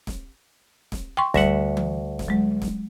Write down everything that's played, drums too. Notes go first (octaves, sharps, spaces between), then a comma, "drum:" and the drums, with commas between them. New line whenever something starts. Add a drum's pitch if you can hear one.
drum: snare
drum: snare
G5 C6 C#6
D2 G3 E5 F#5, drum: snare
drum: tom E3
drum: snare
F#3 G#3
drum: snare